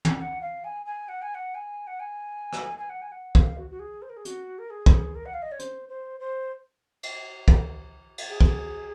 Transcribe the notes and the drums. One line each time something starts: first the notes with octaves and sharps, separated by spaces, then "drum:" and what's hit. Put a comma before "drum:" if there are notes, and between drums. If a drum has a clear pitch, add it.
drum: tom
F#5
F5
G#5
G#5
F#5
G#5
F#5
G#5
F#5
G#5
drum: rim click
G#5
F#5
G#5
F#5
F5, drum: kick
F#4
F#4
G#4
C5
A#4
G#4
F#4, drum: hi-hat
A#4
G#4
drum: kick
A#4
F#5
F5
D#5
C#5
C5, drum: hi-hat
C5
C5
drum: cymbal
drum: kick
drum: cymbal
G#4
drum: kick